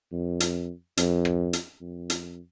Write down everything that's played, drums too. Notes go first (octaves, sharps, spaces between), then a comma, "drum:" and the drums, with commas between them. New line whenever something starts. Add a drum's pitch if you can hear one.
F2
drum: hi-hat
F2, drum: hi-hat
drum: rim click
drum: hi-hat
F2
drum: hi-hat